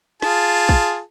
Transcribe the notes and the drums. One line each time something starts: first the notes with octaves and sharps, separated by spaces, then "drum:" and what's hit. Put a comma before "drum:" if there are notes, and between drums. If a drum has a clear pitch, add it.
F4 G#4 A5, drum: snare
drum: kick